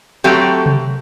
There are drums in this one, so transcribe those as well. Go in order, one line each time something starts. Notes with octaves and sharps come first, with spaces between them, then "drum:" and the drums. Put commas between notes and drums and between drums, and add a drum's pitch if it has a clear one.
F#3 A3 C4 F#4 G4
drum: tom C3